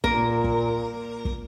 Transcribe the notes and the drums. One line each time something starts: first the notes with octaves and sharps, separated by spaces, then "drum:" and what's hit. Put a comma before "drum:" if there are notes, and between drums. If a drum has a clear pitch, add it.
A#2 A#3 A#4, drum: kick
drum: kick
drum: kick